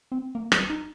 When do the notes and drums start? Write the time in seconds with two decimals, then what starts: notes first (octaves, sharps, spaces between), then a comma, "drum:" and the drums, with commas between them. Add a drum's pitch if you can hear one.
0.12 C4
0.35 A#3
0.52 G3, drum: rim click
0.69 D#4